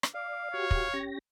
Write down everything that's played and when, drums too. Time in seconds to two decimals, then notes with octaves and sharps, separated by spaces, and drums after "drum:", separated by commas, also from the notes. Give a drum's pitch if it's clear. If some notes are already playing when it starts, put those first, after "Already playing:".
0.03 drum: rim click
0.14 D5 F5
0.54 F#4 G4 C#5
0.71 drum: kick
0.94 C#4 G4 A#6